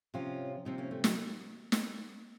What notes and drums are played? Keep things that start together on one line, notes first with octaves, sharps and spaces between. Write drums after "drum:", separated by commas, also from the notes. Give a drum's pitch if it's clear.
C3 F3 C#4 F4
C3 F3 C4 D#4
A#3 C#4
A3
F#3 A#3, drum: snare
drum: snare